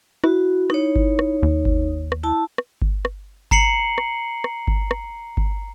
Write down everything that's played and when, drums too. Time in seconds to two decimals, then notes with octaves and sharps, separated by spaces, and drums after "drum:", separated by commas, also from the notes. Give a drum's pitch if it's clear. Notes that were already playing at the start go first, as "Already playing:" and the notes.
0.24 E4 F#4, drum: rim click
0.70 D#4 C#5, drum: rim click
0.96 drum: kick G1
1.19 drum: rim click
1.43 D#2
1.65 drum: kick G1
2.12 drum: rim click
2.23 E4 A5
2.58 drum: rim click
2.82 drum: kick G1
3.05 drum: rim click
3.51 A#5 C7 C#7 F#7, drum: kick G1
3.98 drum: rim click
4.44 drum: rim click
4.68 drum: kick G1
4.91 drum: rim click
5.37 drum: kick G1